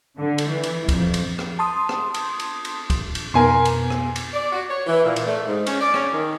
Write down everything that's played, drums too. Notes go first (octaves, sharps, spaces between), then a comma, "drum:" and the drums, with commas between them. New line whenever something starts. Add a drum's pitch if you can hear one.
D3
drum: cymbal
E3
drum: cymbal
F2, drum: kick, cymbal
drum: cymbal
drum: rim click
A5 C6 D#6
drum: rim click
drum: cymbal
drum: cymbal
drum: cymbal
drum: kick, cymbal
drum: cymbal
F2 B2 B3 A#4 G#5 C6
drum: cymbal
drum: rim click
drum: cymbal
D5
F#4
C#5
E3
A#2
drum: cymbal
A3
G#2
C#4, drum: cymbal
D5
C#4, drum: rim click
D#3